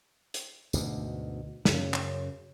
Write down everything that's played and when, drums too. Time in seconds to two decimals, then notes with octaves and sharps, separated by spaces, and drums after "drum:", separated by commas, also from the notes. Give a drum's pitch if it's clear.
0.34 drum: hi-hat
0.73 D2 G#2 B2, drum: tambourine
1.65 F#2 C#3, drum: snare
1.94 drum: clap